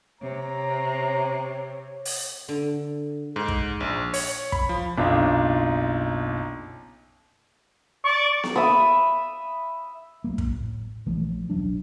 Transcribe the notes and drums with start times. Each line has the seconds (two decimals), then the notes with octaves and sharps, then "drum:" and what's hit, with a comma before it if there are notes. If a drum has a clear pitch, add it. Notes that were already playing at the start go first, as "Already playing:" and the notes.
0.21 C3 C#5 A#5
2.05 drum: open hi-hat
2.48 D3
3.36 G#2
3.48 drum: kick
3.80 A#1
4.14 C#5, drum: open hi-hat
4.52 B5, drum: kick
4.69 F3
4.97 F#1 B1 D4 D#4 F4
8.05 D5 C#6
8.44 drum: snare B3
8.56 E5 B5 D#6
10.24 D2 F#3 A#3
10.38 A2, drum: kick
11.06 A#1 E3 F3 A3
11.50 D#1 B1 F#3 D4